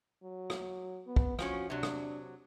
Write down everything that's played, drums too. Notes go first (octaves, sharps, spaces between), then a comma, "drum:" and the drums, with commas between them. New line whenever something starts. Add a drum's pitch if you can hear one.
F#3
drum: rim click
B3
drum: kick
F3 C4 C#4 F#4, drum: rim click
C3 F#3 D4
drum: rim click